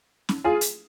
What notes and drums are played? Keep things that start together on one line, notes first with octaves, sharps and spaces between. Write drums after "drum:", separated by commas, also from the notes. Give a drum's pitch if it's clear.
drum: snare
F4 G#4
drum: hi-hat